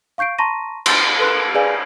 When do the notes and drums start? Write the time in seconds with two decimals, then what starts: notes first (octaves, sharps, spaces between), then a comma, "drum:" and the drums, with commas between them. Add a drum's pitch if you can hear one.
0.18 F5 C#6 G6 C7 D7
0.38 A5 A#5 C6 C#6 A#6 D#7
0.86 C6 G6 A6, drum: cymbal
1.19 A4 B4 C6 F#6
1.54 G#4 B4 D5 F5 G#5